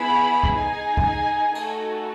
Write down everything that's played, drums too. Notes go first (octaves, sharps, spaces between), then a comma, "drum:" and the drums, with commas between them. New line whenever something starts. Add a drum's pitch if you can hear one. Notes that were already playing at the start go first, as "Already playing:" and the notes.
Already playing: B3 E4 G#4 B5
drum: kick C2
D#4 G#4 G#5
drum: kick C2
A3 D#4 F#4 A4, drum: cymbal